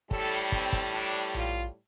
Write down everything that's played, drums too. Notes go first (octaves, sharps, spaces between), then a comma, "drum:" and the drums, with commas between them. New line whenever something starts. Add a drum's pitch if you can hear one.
A2 G3 A4, drum: kick
C4, drum: kick
drum: kick
D4
F4, drum: tom A#1